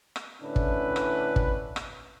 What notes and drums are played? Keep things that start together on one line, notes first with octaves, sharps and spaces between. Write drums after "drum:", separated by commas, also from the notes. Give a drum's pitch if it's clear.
drum: rim click
A2 D3 C#4 D4 E4 B4
drum: kick
drum: rim click
drum: kick
drum: rim click